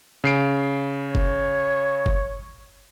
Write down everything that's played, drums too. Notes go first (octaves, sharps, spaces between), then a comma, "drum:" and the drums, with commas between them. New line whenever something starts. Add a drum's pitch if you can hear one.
C#3 C7 D7
C#5
drum: kick F#1
drum: kick F#1